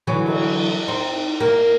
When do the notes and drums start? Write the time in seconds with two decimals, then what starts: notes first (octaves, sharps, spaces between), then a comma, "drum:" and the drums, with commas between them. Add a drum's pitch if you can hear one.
0.07 D3 E3 F#3
0.26 drum: cymbal
0.88 C4 D#4
1.40 A#3